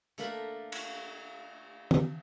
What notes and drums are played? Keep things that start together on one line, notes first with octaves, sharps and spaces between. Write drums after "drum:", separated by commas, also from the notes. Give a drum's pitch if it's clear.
D3 A3 A#3 D4 A#4 B5
drum: cymbal
drum: tom D#3